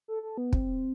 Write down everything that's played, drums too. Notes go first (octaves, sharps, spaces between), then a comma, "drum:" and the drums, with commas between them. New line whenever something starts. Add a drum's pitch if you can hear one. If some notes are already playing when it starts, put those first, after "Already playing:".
A4
A4
B3
C4, drum: kick